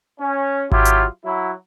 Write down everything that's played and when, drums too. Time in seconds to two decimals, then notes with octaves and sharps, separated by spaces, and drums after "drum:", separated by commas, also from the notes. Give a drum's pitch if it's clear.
0.20 C#4
0.72 F#3 E4 F4 G4, drum: kick G#1
0.85 drum: hi-hat
1.25 F#3 E4